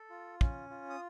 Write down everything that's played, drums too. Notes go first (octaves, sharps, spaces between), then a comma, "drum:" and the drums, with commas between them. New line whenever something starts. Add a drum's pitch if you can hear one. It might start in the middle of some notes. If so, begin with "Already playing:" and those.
Already playing: A4
F4
C#4, drum: kick
F4
D#6